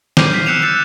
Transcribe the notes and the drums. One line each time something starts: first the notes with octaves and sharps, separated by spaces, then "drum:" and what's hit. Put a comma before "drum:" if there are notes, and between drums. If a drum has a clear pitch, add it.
D6 F6 G6 C7 D#7, drum: snare
D6 B6
E6 F#6 C#7 E7 F7
E6 F#6 A6 C7 C#7